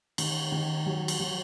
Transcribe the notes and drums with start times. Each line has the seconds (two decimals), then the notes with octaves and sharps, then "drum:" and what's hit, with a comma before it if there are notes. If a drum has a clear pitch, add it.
0.18 D#3, drum: cymbal
0.52 D#3
0.86 F#3
1.08 drum: cymbal
1.20 F#3